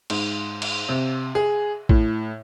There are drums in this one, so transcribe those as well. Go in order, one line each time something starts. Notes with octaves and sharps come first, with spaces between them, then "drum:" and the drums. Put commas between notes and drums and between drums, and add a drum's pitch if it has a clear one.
G#2, drum: cymbal
drum: cymbal
C3
G#4
A2, drum: kick